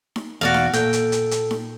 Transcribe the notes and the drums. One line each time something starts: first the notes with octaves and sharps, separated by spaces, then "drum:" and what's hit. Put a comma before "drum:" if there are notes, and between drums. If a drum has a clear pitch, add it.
drum: snare D#4
E2 B2 F#4 D5 F5
drum: snare D#4
A#2 A4 G5, drum: hi-hat
drum: hi-hat
drum: hi-hat
drum: hi-hat
drum: snare D#4